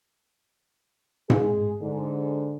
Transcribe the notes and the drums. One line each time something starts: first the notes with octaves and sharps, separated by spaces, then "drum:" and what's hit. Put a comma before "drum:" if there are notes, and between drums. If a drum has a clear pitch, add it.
G#3 G#4, drum: tom G#2
G#2 D3